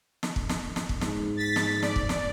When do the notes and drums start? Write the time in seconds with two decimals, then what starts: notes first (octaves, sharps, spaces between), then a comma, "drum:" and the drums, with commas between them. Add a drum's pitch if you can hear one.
0.23 drum: snare
0.36 drum: kick
0.49 drum: snare
0.76 drum: snare
0.89 drum: kick
1.01 G#2, drum: snare
1.37 A6 B6
1.56 drum: snare
1.82 D5, drum: snare
1.96 drum: kick
2.09 drum: snare